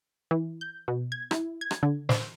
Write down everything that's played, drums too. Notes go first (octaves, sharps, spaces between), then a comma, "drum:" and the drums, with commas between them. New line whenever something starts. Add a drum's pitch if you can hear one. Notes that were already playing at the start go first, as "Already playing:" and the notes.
E3
G6
B2
G#6
E4, drum: rim click
G#6
drum: rim click
D3
C5, drum: snare